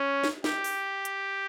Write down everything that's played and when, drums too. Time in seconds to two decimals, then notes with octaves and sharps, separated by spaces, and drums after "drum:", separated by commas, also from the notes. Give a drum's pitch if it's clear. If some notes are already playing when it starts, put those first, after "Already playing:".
Already playing: C#4
0.24 drum: snare
0.44 G4, drum: snare
0.64 drum: open hi-hat
1.05 drum: hi-hat